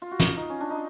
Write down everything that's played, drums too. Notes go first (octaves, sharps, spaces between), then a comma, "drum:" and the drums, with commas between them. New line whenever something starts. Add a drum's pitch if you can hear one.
F4
F#4
F4, drum: snare
D#4
C#4
D4
D#4